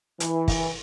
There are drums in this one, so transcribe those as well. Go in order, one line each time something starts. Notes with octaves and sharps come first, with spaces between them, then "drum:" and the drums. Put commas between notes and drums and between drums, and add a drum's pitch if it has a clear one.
E3, drum: hi-hat
drum: kick, open hi-hat